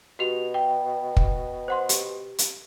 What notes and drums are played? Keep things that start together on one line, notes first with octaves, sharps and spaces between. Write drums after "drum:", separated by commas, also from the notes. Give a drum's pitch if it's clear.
B2 F#4 G4 F7
G5
drum: kick
C5 F#5 C6
G4, drum: hi-hat
drum: hi-hat